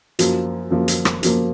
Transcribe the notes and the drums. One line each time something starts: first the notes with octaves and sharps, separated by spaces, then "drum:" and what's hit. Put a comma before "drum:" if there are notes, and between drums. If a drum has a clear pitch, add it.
F#2 F3 A#3, drum: hi-hat
F#2 F3 A#3
drum: hi-hat
drum: rim click
F#2 F3 A#3, drum: hi-hat